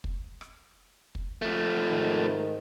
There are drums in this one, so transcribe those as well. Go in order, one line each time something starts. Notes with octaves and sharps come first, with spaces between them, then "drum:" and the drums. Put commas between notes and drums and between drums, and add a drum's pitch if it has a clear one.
drum: kick
drum: rim click
drum: kick
F3 A3
G#2 D#3